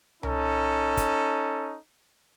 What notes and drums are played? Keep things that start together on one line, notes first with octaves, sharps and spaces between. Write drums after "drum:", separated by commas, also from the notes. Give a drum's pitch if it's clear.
C#4 D#4 A4, drum: tom C2
drum: kick, hi-hat